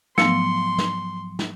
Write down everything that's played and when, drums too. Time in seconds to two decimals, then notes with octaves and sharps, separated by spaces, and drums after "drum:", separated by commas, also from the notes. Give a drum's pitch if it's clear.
0.18 G#2 F3 F#3 A3 B3 C6 C#7, drum: snare
0.78 drum: snare
1.39 drum: snare